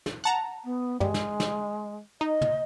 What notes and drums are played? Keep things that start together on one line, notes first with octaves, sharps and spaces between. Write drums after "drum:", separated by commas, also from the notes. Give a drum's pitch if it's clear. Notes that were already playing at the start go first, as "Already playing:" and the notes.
drum: snare
F#5 A5 A#5
B3
G2 G3 G#3, drum: tom
drum: snare
drum: snare
D#4 D#5
drum: tom